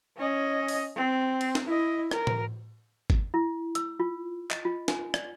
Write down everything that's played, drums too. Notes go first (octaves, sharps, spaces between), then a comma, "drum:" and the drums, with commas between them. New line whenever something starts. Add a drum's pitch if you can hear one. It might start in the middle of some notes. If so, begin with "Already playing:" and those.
C#4 D#5
drum: open hi-hat
C4
drum: cymbal
drum: snare
E4 D#5
A#4, drum: rim click
drum: tom A2
drum: kick
E4
E6, drum: hi-hat
F4
D#5, drum: clap
F4
G#5, drum: snare
D5, drum: rim click